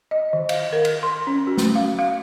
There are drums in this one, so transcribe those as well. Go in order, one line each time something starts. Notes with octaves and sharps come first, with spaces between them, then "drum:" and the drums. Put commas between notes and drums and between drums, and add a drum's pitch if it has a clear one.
D#5
D#3
F5, drum: cymbal
A#4
drum: cymbal
C6
C#4
F#4
drum: snare
F5
F5